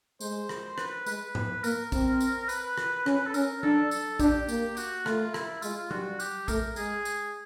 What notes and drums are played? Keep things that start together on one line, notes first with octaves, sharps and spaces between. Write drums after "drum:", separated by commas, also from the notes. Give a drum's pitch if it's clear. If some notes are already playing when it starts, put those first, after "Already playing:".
G#3 C5, drum: tambourine
drum: rim click
B4, drum: rim click
G#3 B4, drum: tambourine
drum: tom G#2
A#3 A#4, drum: tambourine
C4, drum: kick A#1, tambourine
drum: tambourine
B4, drum: tambourine
drum: rim click
C#4, drum: rim click
A4
C#4 A#4, drum: tambourine
D4 A4, drum: tom F#3
A4, drum: tambourine
D4 G4, drum: kick A#1, tambourine
A#3, drum: tambourine
F#4, drum: tambourine
A3 F4, drum: rim click
E4, drum: rim click
G#3 F4, drum: tambourine
F4
G3 F#4, drum: tom F#3
G4, drum: tambourine
A3 A#4, drum: kick A#1, tambourine
G#3 G#4, drum: tambourine
drum: tambourine